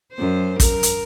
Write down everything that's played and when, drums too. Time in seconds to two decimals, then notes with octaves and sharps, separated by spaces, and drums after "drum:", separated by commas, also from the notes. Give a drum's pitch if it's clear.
0.14 F#2 C5
0.60 A#4, drum: kick, hi-hat
0.83 drum: hi-hat